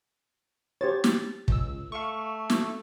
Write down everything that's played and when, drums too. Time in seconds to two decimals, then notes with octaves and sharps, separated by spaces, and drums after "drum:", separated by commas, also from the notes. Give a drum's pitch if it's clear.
0.81 G4 C5 C#5 A6
1.04 drum: snare
1.48 C#2 E6, drum: kick
1.92 A3 F5 C#6
2.50 drum: snare